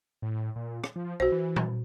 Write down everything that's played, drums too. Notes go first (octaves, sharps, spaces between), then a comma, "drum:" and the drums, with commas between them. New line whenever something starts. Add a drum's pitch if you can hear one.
A2
A#2
drum: rim click
F3
B1 F#4 C5
E3
drum: tom A#2